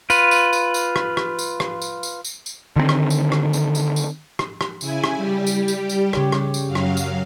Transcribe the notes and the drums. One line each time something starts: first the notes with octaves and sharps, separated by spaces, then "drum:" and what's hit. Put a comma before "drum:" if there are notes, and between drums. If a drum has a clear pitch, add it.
F4 B4, drum: tambourine
drum: tambourine
drum: tambourine
drum: tambourine
drum: rim click
drum: rim click
drum: tambourine
drum: rim click
drum: tambourine
drum: tambourine
drum: tambourine
drum: tambourine
D3 D#3 G3 C4
drum: rim click
drum: tambourine
drum: rim click
drum: tambourine
drum: tambourine
drum: tambourine
drum: rim click
drum: rim click
C#3 E4 G#5, drum: tambourine
drum: rim click
G3 G4
drum: tambourine
drum: tambourine
drum: tambourine
C#3 G4 C#5, drum: rim click
drum: rim click
drum: tambourine
F#2 F#3 F5
drum: rim click
drum: tambourine